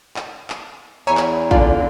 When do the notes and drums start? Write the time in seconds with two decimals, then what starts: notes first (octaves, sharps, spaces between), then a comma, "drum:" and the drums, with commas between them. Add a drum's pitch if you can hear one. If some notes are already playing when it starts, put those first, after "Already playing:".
0.16 drum: clap
0.50 drum: clap
1.07 E2 C#5 E5 G#5 A#5 B5
1.17 drum: clap
1.51 D3 F4 D5 F5 G#5 A5, drum: kick